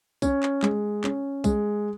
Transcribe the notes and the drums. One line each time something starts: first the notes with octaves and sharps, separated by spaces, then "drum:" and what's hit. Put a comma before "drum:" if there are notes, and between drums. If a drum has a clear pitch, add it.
C#4, drum: kick B1, tambourine
drum: clap
G#3, drum: clap
C#4, drum: clap
G#3, drum: kick B1, tambourine